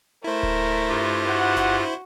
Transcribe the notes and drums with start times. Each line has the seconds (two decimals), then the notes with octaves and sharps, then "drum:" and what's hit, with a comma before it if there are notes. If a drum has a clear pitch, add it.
0.24 A3 E4 A#4 C5
0.43 drum: kick D1
0.89 G2 F4 G4
1.28 F#4 F#5
1.57 drum: snare G1